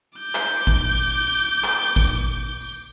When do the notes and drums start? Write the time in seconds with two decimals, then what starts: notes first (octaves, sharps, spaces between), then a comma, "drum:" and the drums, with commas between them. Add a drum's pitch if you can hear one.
0.19 D6 G6
0.35 drum: clap
0.67 drum: kick G#1
0.99 drum: tambourine
1.32 drum: tambourine
1.64 drum: clap
1.96 drum: kick G#1, tambourine
2.61 drum: tambourine